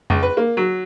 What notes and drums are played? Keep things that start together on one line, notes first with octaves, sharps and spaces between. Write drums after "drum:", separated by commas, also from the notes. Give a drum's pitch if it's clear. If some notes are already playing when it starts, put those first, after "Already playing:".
C#2, drum: tom F2
B4
A#3
F#3